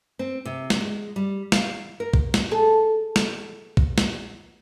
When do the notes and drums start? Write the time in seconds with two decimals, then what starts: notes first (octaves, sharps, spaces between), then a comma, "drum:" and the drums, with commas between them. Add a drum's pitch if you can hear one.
0.19 C4
0.45 C3
0.70 drum: snare
0.80 G#3
1.16 G3
1.52 F5, drum: snare
2.00 A#4
2.14 drum: kick
2.34 drum: snare
2.51 G#4 A4
3.16 drum: snare
3.77 drum: kick
3.98 drum: snare